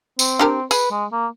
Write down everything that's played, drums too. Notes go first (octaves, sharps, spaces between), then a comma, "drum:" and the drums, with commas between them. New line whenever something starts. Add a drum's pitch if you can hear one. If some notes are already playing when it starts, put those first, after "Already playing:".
C4, drum: tambourine
D4 G4 A#4
G#4 B4, drum: tambourine
G#3
A#3